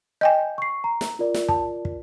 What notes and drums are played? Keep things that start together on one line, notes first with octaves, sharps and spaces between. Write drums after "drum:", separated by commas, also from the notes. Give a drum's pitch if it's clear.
D#5 G5 G#5 G6
C#6 C7
A#5
drum: snare
F4 A#4 D5
drum: snare
A5, drum: kick
drum: kick